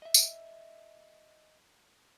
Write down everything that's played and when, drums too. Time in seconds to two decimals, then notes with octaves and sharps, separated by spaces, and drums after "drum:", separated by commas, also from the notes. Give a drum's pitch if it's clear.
0.02 D#5 E5
0.14 drum: tambourine